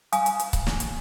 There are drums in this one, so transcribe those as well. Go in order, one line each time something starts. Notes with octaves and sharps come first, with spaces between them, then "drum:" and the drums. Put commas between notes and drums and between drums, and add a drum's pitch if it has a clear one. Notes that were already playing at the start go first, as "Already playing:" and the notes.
F5 G#5 D#6, drum: hi-hat
drum: hi-hat
drum: hi-hat
drum: kick C#1, hi-hat
drum: snare
drum: hi-hat